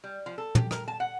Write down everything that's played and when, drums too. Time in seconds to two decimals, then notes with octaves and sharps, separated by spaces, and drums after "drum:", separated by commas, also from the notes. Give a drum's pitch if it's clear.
0.04 G3
0.26 F3
0.38 A4
0.55 G4, drum: tom
0.71 A#4, drum: rim click
0.88 A5
1.00 F#5